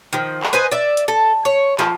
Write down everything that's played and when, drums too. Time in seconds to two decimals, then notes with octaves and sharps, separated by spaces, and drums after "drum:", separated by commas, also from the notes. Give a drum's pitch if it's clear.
0.13 D#3 F3
0.43 drum: clap
0.53 B4 C5 D#5 G#5
0.71 D5 E5
0.97 drum: hi-hat
1.08 A4
1.45 C#5
1.79 F3, drum: clap